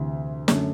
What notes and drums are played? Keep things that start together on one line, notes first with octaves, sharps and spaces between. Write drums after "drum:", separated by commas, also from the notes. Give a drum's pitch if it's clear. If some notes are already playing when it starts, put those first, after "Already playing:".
Already playing: D2 C3 E3
F#2 D3 A3, drum: snare